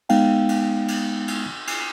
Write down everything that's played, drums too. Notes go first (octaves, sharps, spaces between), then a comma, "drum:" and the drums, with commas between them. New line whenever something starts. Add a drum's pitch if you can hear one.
G#3 B3 D#4 F5 G5, drum: cymbal
drum: cymbal
drum: cymbal
drum: cymbal
drum: cymbal